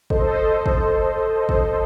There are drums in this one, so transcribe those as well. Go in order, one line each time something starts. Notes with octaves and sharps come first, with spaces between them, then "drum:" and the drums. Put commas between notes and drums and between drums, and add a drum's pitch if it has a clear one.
A4 C5 D#5, drum: kick
drum: kick
drum: kick